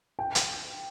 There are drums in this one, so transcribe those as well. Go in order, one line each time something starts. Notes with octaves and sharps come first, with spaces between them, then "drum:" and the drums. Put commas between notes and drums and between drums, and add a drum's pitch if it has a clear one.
G5
drum: hi-hat